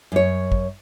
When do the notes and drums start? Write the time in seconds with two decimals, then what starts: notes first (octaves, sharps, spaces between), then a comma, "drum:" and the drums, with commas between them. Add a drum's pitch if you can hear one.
0.12 F#2 C#5
0.52 drum: kick